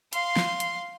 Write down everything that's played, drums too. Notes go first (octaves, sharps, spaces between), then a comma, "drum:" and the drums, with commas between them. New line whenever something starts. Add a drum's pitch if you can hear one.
F5 C6, drum: hi-hat
drum: snare
drum: hi-hat